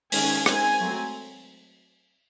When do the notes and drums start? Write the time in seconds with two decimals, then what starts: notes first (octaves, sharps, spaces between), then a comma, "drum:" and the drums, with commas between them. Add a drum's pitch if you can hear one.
0.12 D#3 G#3 C#4 G#5, drum: open hi-hat
0.46 D#3 G#3 C4 G#5, drum: rim click
0.80 F#3 A3 C4